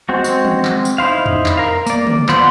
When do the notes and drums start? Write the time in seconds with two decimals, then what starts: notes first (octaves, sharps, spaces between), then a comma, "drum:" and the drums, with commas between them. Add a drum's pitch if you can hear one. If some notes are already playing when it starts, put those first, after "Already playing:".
0.09 G#3 C4 F#4
0.24 drum: tambourine
0.45 drum: tom
0.65 drum: clap
0.85 drum: tambourine
0.98 D#4 E4 C5 F5
1.26 drum: tom E2
1.46 drum: clap
1.57 A#4 F5
1.86 A#3 D5, drum: tambourine
2.07 drum: tom C#3
2.29 B3 F4 C5 D5 F#5, drum: clap